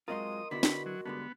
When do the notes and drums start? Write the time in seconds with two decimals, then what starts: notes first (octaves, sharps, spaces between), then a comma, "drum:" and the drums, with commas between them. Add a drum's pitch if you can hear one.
0.08 F#3 G#3 C4 F4 A#4 D#5 C6 D#6
0.51 D3 B3 E4 F#4 B5
0.63 drum: snare
0.86 F#3
1.05 G2 D3 G#3 B3